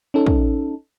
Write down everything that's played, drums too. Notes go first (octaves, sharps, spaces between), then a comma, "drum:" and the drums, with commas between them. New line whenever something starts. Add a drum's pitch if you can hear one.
C#4 D#4 A4
drum: kick